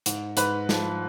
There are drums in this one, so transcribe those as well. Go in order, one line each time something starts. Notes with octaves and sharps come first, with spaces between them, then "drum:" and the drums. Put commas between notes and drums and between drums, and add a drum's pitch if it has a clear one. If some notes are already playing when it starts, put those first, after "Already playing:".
G#2, drum: hi-hat
G#2 B4, drum: hi-hat
F3, drum: snare